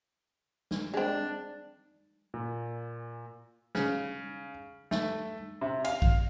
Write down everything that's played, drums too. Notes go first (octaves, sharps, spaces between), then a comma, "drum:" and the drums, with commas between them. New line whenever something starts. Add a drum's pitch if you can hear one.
drum: snare
G#3 C4 D4
A#2
C#3, drum: snare
A3, drum: snare
C3
F5, drum: cymbal
drum: kick A#1